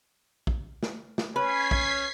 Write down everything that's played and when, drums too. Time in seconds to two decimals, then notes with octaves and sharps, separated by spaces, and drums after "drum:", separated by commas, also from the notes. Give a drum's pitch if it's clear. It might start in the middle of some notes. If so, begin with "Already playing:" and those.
0.47 drum: kick
0.83 drum: snare
1.18 drum: snare
1.36 C#4 B4 G#6 B6 C7
1.71 drum: kick